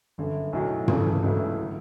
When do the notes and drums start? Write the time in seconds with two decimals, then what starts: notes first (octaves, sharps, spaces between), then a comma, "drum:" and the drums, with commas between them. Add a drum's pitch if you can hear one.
0.18 G1 F#2 D3
0.53 B1 A2 F#3
0.88 C#3 E3 A3 D4, drum: tom
1.23 C#2 C#3 F#3 A3 E4
1.60 D3